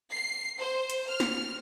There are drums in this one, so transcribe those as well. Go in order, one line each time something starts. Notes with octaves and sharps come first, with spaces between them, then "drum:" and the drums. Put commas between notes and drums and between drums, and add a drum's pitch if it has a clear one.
C7
C5
drum: hi-hat
F6
drum: snare